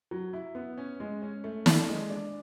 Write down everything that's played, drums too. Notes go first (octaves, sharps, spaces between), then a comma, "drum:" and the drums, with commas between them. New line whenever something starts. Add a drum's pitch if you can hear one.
F#3
E4
B3
C#4
G#3
C#4
A3
D4, drum: snare
G#3
D4